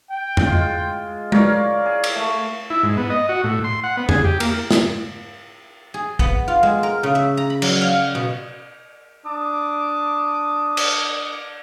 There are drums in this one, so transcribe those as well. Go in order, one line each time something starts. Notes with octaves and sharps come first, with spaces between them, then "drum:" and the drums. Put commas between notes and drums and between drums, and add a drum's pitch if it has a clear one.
G5
drum: tom E2
G#3 F4
A#4 C#5 D5 F5, drum: tom G#3
G#4
drum: cymbal
A3
E4
G#2
B3
D#5
F#4
A2
C6
F#5
B3
G#4, drum: tom E2
G4
A#3, drum: cymbal
drum: snare
G#4
B3, drum: kick
F4
G#3
A#4
C#3
E5
A#5
B5
F#3, drum: cymbal
F5
B2
D4 A5 D6 D#6
drum: cymbal